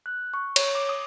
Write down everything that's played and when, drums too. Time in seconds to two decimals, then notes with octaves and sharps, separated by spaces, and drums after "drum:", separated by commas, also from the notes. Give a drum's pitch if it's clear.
0.06 F#6
0.34 C#6
0.56 C#5, drum: cymbal
0.75 D6
0.89 D#6